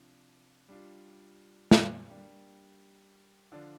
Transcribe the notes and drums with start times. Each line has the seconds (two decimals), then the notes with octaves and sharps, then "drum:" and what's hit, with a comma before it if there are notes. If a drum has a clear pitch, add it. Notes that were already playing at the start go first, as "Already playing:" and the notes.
Already playing: C3 F3 D4
0.68 G3 D4 F4
1.71 drum: snare
2.10 G3 A#3 D4 G4
3.52 D3 F3 D4 F4 D5